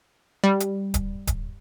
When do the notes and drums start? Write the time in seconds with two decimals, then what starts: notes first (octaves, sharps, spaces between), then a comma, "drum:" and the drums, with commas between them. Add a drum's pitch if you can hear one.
0.44 G3
0.60 drum: hi-hat
0.94 drum: kick D1, hi-hat
1.27 drum: kick D1, hi-hat